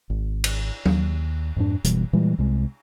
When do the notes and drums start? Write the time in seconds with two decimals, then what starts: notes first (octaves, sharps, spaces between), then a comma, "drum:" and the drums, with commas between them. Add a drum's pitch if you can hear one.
0.10 G#1
0.44 drum: cymbal
0.86 D#2, drum: tom F#3
1.56 F2 G#2 D4
1.84 F#1 B2 E3 G3, drum: hi-hat
2.13 A#2 E3 G3 G#3
2.38 C2 C3 G#3